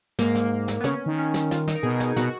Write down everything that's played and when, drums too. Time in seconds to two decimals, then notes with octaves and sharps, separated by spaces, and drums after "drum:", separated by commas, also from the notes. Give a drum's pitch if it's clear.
0.19 G#2 A#3, drum: snare
0.35 drum: snare
0.68 drum: snare
0.80 B3
0.84 C#3 C#4, drum: snare
1.06 D#3
1.18 C#4
1.34 drum: snare
1.51 F4, drum: snare
1.68 D#4, drum: snare
1.75 A#4
1.83 B2 G#4
2.00 drum: snare
2.16 B2 F#4, drum: snare